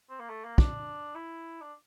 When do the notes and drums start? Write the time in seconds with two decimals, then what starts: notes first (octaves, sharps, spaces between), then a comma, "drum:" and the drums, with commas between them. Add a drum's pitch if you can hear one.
0.10 C4
0.19 A#3
0.30 A3
0.45 A#3
0.58 D4, drum: kick
1.15 E4
1.61 D4